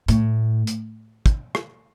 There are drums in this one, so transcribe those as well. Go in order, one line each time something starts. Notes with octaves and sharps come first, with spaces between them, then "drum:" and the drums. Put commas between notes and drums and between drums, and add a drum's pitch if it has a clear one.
A2, drum: hi-hat
drum: hi-hat
drum: kick, hi-hat
drum: rim click